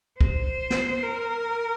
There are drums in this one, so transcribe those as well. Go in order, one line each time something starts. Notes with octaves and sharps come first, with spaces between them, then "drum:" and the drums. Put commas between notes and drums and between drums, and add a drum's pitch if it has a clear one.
C5, drum: kick
drum: snare
A#4